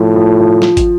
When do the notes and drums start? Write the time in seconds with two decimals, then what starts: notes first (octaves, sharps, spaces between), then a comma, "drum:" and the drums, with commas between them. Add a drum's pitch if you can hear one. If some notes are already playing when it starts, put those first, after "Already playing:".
Already playing: A2 F3 F4
0.16 F3
0.39 F3
0.62 drum: snare
0.77 drum: kick, hi-hat